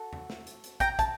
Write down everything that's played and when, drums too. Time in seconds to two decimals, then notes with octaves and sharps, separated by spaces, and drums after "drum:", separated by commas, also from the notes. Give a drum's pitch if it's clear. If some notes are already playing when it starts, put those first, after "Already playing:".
Already playing: F#4 A4
0.13 drum: tom E2
0.30 drum: snare
0.47 drum: hi-hat
0.64 drum: hi-hat
0.80 G5 A#5, drum: kick, hi-hat
0.99 A5, drum: kick, hi-hat